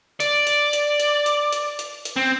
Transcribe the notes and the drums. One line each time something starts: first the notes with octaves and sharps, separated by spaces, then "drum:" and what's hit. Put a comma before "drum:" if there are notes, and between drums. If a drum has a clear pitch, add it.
D5, drum: hi-hat
drum: hi-hat
drum: hi-hat
drum: hi-hat
drum: hi-hat
drum: hi-hat
drum: hi-hat
drum: hi-hat
C4